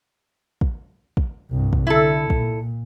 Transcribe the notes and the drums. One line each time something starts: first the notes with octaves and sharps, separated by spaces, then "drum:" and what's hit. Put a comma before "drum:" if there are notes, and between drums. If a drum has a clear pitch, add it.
drum: kick
drum: kick
C2 G2
drum: kick
D3 E4 A4
A#2, drum: kick